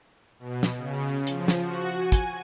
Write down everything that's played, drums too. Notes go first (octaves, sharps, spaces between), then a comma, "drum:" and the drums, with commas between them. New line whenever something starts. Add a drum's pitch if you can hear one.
B2
drum: snare
C#3
F3, drum: hi-hat
drum: snare
F#4
G#5
drum: kick, hi-hat